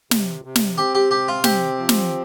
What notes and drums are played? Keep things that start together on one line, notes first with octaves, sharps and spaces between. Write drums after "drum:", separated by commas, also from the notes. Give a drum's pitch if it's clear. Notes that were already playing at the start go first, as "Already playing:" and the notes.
C3, drum: snare
C3
drum: snare
C4 G4
G4
C3 G4
F4
C4 G4, drum: snare
F3
drum: snare